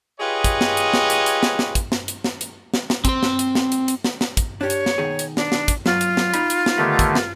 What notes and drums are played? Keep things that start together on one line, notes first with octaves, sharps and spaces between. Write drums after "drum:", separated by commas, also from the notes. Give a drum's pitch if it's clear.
F4 G4 G#4 B4 C#5 D#5
drum: kick, hi-hat
drum: snare
drum: hi-hat
drum: snare
drum: hi-hat
drum: hi-hat
drum: snare
drum: snare
drum: kick, hi-hat
drum: snare
drum: hi-hat
drum: snare
drum: hi-hat
drum: snare
drum: snare
C4 C5, drum: kick, hi-hat
drum: snare
drum: hi-hat
drum: snare
drum: hi-hat
drum: hi-hat
drum: snare
drum: snare
drum: kick, hi-hat
D4 G4 C#5
drum: hi-hat
drum: snare
B2 D#3 G#4
drum: hi-hat
D4, drum: snare
drum: snare
drum: kick, hi-hat
F#3 F4, drum: snare
drum: hi-hat
drum: snare
D#4 B5, drum: hi-hat
drum: hi-hat
drum: snare
D3 D#3 G3 A3 B3
drum: kick, hi-hat
drum: snare